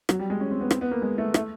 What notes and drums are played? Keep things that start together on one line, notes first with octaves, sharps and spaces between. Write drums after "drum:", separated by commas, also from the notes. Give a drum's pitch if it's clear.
F#3, drum: rim click
G3
G#3
C#4
C4
B3
C4, drum: rim click
B3
A#3
G#3
A3
A3, drum: rim click